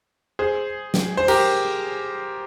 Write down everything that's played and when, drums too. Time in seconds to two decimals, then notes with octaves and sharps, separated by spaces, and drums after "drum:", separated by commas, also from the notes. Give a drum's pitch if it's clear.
0.39 G#4 C5
0.94 drum: snare
1.17 C5
1.28 G4 A#4, drum: cymbal